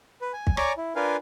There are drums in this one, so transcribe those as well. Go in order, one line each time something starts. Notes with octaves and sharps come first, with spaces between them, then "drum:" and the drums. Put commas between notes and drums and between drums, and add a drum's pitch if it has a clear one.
B4
G#5
drum: kick
C#5 D5 G#5 A#5 C#6 D6, drum: rim click
E4
D4 F4 A#4 B4 F5 G#5